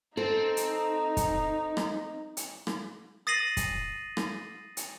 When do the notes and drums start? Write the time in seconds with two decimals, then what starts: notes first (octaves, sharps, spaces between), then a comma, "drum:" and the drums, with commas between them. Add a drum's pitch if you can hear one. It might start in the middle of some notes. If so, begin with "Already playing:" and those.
0.17 C4 D#4 A4 C5
0.57 drum: hi-hat
1.17 drum: kick, hi-hat
1.77 drum: rim click
2.37 drum: hi-hat
2.67 drum: rim click
3.27 D#6 A6 A#6 C7 D#7 F#7
3.57 drum: kick, hi-hat
4.17 drum: rim click
4.77 drum: hi-hat